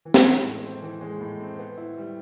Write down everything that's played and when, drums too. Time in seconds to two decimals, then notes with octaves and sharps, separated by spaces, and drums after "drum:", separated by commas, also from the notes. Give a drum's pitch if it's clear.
0.05 E3
0.14 drum: snare
0.24 G#3
0.43 A2
0.63 C4
0.82 E3
1.01 G#3
1.20 A2
1.40 C4
1.59 B3
1.77 E4
1.98 G3